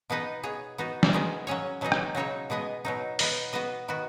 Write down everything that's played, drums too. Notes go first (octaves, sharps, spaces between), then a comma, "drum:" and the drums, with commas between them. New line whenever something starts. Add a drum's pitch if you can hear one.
B2 B3 D#4 B4 D#5
B3 G#4 C#5
B3 D#4 F#4
drum: snare
D#3 G#3 B3 G#4
F#3 C#4 G#4 C#5
B2 F#3 B3 D#4 G#4
drum: rim click
C#3 F#3 D#4 F#4 C#5
B2 G#3 B3 G#4 D#5
B2 F#3 D#4
B3 D#4 B4 D#5, drum: open hi-hat
B3 F#4 B4 D#5
D#3 B3 F#4